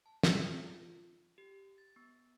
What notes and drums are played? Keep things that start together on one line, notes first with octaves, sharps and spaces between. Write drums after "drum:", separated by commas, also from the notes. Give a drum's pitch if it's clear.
A5
F4, drum: snare
G4
A6
B3